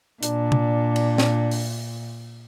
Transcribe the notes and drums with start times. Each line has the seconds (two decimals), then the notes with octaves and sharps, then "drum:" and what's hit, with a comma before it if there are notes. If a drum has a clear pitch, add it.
0.23 A#2 D4, drum: hi-hat
0.52 drum: tom
0.96 drum: cymbal
1.18 drum: snare
1.51 drum: open hi-hat